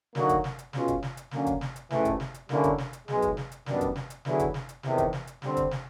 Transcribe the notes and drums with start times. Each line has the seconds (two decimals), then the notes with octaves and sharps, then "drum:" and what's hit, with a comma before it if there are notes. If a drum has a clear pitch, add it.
0.15 D3 F#3 A#3 D#4 F#4, drum: snare
0.29 drum: kick, hi-hat
0.44 drum: snare
0.59 drum: hi-hat
0.73 B2 G#3 C#4 F4, drum: snare
0.88 drum: kick, hi-hat
1.03 drum: snare
1.17 drum: hi-hat
1.31 D3 F#3 A#3 C#4, drum: snare
1.46 drum: kick, hi-hat
1.61 drum: snare
1.76 drum: hi-hat
1.90 A1 G#2 E3 A3, drum: snare
2.05 drum: kick, hi-hat
2.20 drum: snare
2.34 drum: hi-hat
2.49 D3 G3 A#3 C#4 E4, drum: snare
2.64 drum: kick, hi-hat
2.78 drum: snare
2.93 drum: hi-hat
3.08 B1 B2 G#3, drum: snare
3.22 drum: kick, hi-hat
3.37 drum: snare
3.52 drum: hi-hat
3.66 F#2 D#3 G3 B3 D4, drum: snare
3.81 drum: kick, hi-hat
3.96 drum: snare
4.10 drum: hi-hat
4.25 D3 F#3 B3 E4 G#4, drum: snare
4.39 drum: kick, hi-hat
4.54 drum: snare
4.69 drum: hi-hat
4.83 E2 C3 D#3, drum: snare
4.98 drum: kick, hi-hat
5.13 drum: snare
5.27 drum: hi-hat
5.42 D3 G3 C4, drum: snare
5.57 drum: kick, hi-hat
5.71 drum: snare